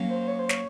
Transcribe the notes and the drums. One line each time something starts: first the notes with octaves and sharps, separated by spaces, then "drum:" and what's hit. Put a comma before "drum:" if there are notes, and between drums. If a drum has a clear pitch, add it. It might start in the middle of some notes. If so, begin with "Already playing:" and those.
Already playing: F#3 A#3 C#4
C5
C#5
C5
C#5, drum: snare